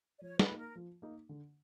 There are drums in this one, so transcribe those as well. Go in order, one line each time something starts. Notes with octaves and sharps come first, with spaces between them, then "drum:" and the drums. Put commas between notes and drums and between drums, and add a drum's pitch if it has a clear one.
D5
F3 C#5
B4, drum: snare
A#3 D#4
A#4
F3
A#3 D#4
D3